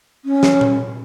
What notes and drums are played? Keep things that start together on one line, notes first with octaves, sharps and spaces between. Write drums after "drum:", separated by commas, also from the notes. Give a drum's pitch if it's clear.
C#4
drum: snare
drum: tom A#2